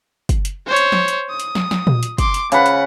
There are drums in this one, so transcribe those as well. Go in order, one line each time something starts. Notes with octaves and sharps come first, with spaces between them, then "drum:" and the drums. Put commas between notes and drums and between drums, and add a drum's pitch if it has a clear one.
drum: kick, hi-hat
drum: hi-hat
C5 C#5
drum: hi-hat
drum: snare
drum: hi-hat
D#6
drum: hi-hat
drum: snare
drum: snare
drum: tom A#2
drum: hi-hat
C6 D6, drum: kick, hi-hat
drum: hi-hat
C#3 B4 F#5, drum: hi-hat
drum: hi-hat